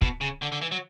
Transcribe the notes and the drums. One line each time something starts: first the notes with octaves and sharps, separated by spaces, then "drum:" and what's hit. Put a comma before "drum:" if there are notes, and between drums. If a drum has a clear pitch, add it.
B2, drum: kick
C#3
D3
D3
E3
F#3